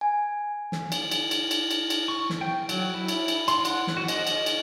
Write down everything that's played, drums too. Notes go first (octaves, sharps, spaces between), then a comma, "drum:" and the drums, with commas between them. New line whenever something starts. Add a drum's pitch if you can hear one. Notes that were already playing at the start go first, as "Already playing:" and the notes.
G#5
drum: snare
drum: cymbal
drum: cymbal
drum: cymbal
drum: cymbal
drum: cymbal
drum: cymbal
C#6
drum: snare
G5
F#3, drum: cymbal
E4
drum: cymbal
drum: cymbal
C6, drum: cymbal
F#5, drum: cymbal
drum: snare
F#4
D#5, drum: cymbal
drum: cymbal
drum: cymbal